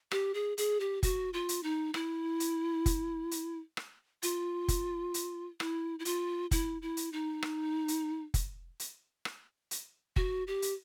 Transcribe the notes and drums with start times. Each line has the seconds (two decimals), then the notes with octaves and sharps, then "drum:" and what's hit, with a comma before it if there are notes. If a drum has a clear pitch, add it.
0.11 G4, drum: rim click
0.34 G#4
0.58 G#4, drum: hi-hat
0.80 G4
1.03 F#4, drum: kick, hi-hat
1.33 F4
1.49 drum: hi-hat
1.63 D#4
1.94 E4, drum: rim click
2.40 drum: hi-hat
2.86 drum: kick, hi-hat
3.31 drum: hi-hat
3.77 drum: rim click
4.23 F4, drum: hi-hat
4.68 drum: kick, hi-hat
5.14 drum: hi-hat
5.60 E4, drum: rim click
5.99 E4
6.05 F4, drum: hi-hat
6.51 E4, drum: kick, hi-hat
6.82 E4
6.97 drum: hi-hat
7.13 D#4
7.42 drum: rim click
7.88 drum: hi-hat
8.34 drum: kick, hi-hat
8.80 drum: hi-hat
9.25 drum: rim click
9.71 drum: hi-hat
10.16 F#4, drum: kick
10.47 G4
10.62 drum: hi-hat